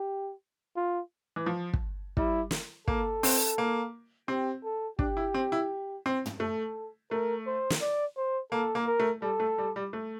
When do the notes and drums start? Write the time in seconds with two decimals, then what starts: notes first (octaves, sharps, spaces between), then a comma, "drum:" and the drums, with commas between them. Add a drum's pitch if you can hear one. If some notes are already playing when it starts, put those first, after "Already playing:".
Already playing: G4
0.76 F4
1.36 E3
1.46 F3
1.73 drum: kick
2.17 G3 E4, drum: kick
2.51 drum: snare
2.88 A#3 A4, drum: kick
3.23 C4, drum: open hi-hat
3.58 A#3
4.28 C4 G4
4.64 A4
4.99 D4 G4, drum: kick
5.17 E4
5.34 C4
5.52 E4
6.06 C4
6.26 drum: tom
6.40 A3 A4
7.11 A3 A#4
7.46 C5
7.70 drum: snare
7.81 D5
8.16 C5
8.52 A#3 A4
8.75 A#3
8.87 A#4
9.00 A3
9.22 G3 A4
9.40 A3
9.58 G3
9.76 G3
9.93 A3